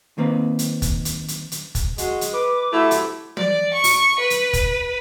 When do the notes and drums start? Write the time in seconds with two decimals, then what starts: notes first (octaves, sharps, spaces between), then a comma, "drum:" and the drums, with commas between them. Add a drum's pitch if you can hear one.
0.18 D#3 A#3 C4 B4
0.59 drum: hi-hat
0.82 drum: kick, hi-hat
1.05 drum: hi-hat
1.28 drum: hi-hat
1.52 drum: hi-hat
1.75 drum: kick, hi-hat
1.98 G#3 F#4, drum: hi-hat
2.21 drum: hi-hat
2.33 B4 D6
2.73 A2 C3 A3 E4 F#4
2.91 drum: hi-hat
3.37 D5, drum: tom
3.74 C#6
3.84 drum: open hi-hat
4.19 B4
4.30 drum: hi-hat
4.53 drum: kick, hi-hat